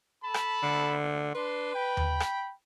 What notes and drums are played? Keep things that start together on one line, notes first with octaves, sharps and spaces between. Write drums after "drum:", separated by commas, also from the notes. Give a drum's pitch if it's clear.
A4 A5 B5
drum: rim click
D3
D4 B4 C6
G5 B5
drum: tom D#2
drum: rim click